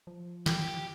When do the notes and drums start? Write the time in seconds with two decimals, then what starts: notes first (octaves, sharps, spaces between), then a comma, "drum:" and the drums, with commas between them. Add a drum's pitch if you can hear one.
0.07 F3
0.46 G4, drum: snare